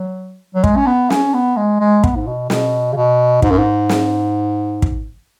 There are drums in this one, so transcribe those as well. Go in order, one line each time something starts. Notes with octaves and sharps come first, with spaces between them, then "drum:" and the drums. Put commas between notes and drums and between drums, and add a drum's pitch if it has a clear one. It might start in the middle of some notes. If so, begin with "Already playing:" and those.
Already playing: F#3
F#3
G#3, drum: kick
C#4
B3
C#4, drum: snare
B3
G#3
G#3
B3, drum: kick
G#2
B2
B2, drum: snare
C#3
B2
G#2, drum: kick
F#2
G#2
drum: snare
drum: kick